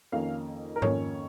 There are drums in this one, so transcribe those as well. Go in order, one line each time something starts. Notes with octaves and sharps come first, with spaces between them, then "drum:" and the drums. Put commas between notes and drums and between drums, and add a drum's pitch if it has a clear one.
F2 D#3 A#3 C#4 F5
A#4
F2 D#3 A#3 C#4 C#5, drum: tom G#2